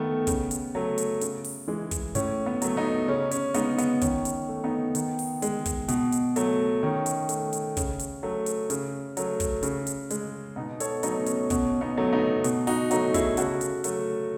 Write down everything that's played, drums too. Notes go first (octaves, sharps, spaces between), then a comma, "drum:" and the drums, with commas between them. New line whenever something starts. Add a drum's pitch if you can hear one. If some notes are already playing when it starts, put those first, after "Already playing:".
Already playing: D#3 A3 B3
C#3, drum: kick, hi-hat
drum: hi-hat
F#3 A3
drum: hi-hat
C#3, drum: hi-hat
drum: open hi-hat
E3 G#3
drum: kick, hi-hat
A2 C#4, drum: hi-hat
B3
F#3 A3, drum: hi-hat
B3 D#4
C#3 C#4
C#4, drum: hi-hat
G#3 B3 D#4, drum: hi-hat
B3, drum: hi-hat
D#3 C#4, drum: kick, hi-hat
drum: hi-hat
A3
B3 D#4
D#3, drum: hi-hat
drum: open hi-hat
G#3, drum: hi-hat
drum: kick, hi-hat
B2, drum: hi-hat
drum: hi-hat
F#3 A3, drum: hi-hat
D#3 C#4
drum: hi-hat
A3, drum: hi-hat
drum: hi-hat
C#3, drum: kick, hi-hat
drum: hi-hat
F#3 A3
drum: hi-hat
C#3, drum: hi-hat
F#3 A3, drum: hi-hat
drum: kick, hi-hat
C#3, drum: hi-hat
drum: hi-hat
G#3, drum: hi-hat
B2 B3 D#4
A4 C#5, drum: hi-hat
F#3 A3 B3 D#4, drum: hi-hat
C#4, drum: hi-hat
B2 C#4, drum: kick, hi-hat
B3 D#4
F#3 A3
B3 D#4
B2, drum: hi-hat
D#4 F#4, drum: open hi-hat
F#3 A3 D#4 F#4, drum: hi-hat
E4 G#4, drum: kick, hi-hat
C#3 F#4 A4, drum: hi-hat
drum: hi-hat
F#3 A3, drum: hi-hat